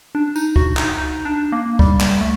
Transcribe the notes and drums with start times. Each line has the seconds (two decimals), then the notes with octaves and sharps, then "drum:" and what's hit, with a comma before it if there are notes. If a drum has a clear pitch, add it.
0.15 D4
0.36 D#4, drum: tambourine
0.56 F#4, drum: kick
0.77 D#4, drum: clap
0.97 D#4
1.25 D4
1.52 A#3
1.79 G3, drum: kick
2.00 drum: clap
2.21 A3